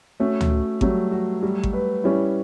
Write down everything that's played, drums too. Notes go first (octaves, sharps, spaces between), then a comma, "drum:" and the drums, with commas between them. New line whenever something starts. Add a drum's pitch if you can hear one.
A3 C#4 F#4
drum: tom D2
F#4
F#3 G3 A3, drum: kick G#1
F#4
G3
drum: kick G#1
B4
G3 C#4 E4